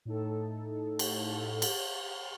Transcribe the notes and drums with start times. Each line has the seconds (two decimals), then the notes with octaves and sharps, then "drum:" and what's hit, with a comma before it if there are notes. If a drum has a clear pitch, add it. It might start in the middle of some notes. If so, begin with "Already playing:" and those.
0.05 A2 D#4 A4
0.99 drum: cymbal
1.62 drum: cymbal